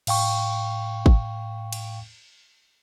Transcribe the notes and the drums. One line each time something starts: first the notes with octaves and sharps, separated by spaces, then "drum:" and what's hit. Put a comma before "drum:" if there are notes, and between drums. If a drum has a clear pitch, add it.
A2 F5 G5 C#6, drum: cymbal
drum: kick G#1
drum: cymbal